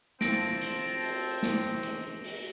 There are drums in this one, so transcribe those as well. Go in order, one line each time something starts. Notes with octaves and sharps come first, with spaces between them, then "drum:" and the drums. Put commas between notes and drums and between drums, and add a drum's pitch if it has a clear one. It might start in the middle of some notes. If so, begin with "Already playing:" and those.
C4 F4 A5 A#6 D7, drum: snare
drum: hi-hat
drum: open hi-hat
drum: snare
drum: hi-hat
drum: open hi-hat